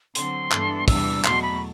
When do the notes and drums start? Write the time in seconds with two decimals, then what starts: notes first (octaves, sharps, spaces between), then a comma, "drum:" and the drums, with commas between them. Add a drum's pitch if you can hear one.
0.15 D3 F#3 C4 C6, drum: hi-hat
0.52 G2 E3 B3 D4 A4, drum: clap
0.88 E2 C3 E3 G3 D4 E6, drum: kick, open hi-hat
1.24 E2 B2 F#3 A3 C6, drum: clap
1.42 B5